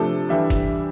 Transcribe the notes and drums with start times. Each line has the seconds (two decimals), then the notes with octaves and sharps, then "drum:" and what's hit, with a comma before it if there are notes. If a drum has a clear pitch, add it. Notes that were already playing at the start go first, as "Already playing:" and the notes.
Already playing: C3 F3 A3 D4 A4
0.29 E3 G3 D4 E5
0.50 drum: kick, hi-hat